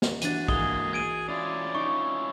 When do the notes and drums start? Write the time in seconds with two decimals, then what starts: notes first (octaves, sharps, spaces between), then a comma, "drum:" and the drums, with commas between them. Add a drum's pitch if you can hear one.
0.02 drum: snare
0.22 E3 D4 F#4 A6 D#7, drum: hi-hat
0.48 G#3 A#3 G#4 D#6 G7, drum: kick
0.93 G#4 G#6 D7 D#7
1.28 C#4 E4 F4 D5
1.75 D#4 C#6 D7